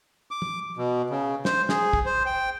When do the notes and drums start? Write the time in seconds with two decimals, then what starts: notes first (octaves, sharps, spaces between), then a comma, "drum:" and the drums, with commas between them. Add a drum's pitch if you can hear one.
0.31 D6
0.42 drum: tom
0.78 B2
1.10 C#3
1.45 C5, drum: snare
1.69 G#4, drum: snare
1.93 drum: kick
2.06 C5
2.26 G5